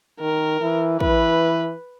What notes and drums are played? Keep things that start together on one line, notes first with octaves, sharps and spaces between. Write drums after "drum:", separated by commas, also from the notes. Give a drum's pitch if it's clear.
D#3 A#4
E3
E3 B4, drum: kick